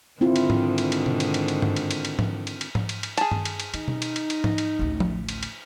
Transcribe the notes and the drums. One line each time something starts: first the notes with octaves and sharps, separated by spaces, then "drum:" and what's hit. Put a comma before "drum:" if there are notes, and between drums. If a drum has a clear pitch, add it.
G#2 D3 D#3 C4 E4 F4
drum: cymbal
drum: tom G#2
drum: cymbal
drum: cymbal
drum: tom B2
drum: cymbal
drum: cymbal
drum: cymbal
drum: tom G2
drum: cymbal
drum: cymbal
drum: cymbal
drum: tom G#2
drum: cymbal
drum: cymbal
drum: tom G#2
drum: cymbal
drum: cymbal
G#4 A5, drum: cymbal
drum: tom G2
drum: cymbal
drum: cymbal
D#3 D#4, drum: cymbal
drum: tom B2
drum: cymbal
drum: cymbal
drum: cymbal
drum: tom G#2
drum: cymbal
A1 D2
drum: tom F3
drum: cymbal
drum: cymbal